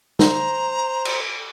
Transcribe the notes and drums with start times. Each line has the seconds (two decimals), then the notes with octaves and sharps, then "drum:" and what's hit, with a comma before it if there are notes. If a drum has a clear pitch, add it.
0.19 C5 A#5, drum: snare
1.05 drum: cymbal